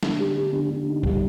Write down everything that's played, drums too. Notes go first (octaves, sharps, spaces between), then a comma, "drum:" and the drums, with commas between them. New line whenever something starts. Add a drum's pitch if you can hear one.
D3, drum: snare
G4
G4
D3
D3
D#4
G3, drum: kick A1